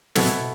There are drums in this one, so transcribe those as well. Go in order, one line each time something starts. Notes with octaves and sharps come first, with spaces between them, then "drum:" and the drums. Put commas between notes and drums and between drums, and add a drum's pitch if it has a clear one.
B2 B3 E4 A4, drum: snare